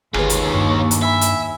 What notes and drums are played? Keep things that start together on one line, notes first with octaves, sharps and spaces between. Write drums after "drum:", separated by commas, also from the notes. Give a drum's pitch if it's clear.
G1 D#2 C#4 F4 G#4 B4, drum: rim click
drum: hi-hat
G2 C#6
drum: hi-hat
E5 G#5 B5
drum: hi-hat